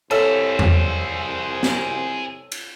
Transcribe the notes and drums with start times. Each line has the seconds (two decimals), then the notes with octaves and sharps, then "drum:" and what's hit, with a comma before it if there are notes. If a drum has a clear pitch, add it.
0.11 C2 G#4 A4 C5 C#5 E5 E6, drum: cymbal
0.59 drum: tom E2
1.63 drum: snare
2.52 drum: cymbal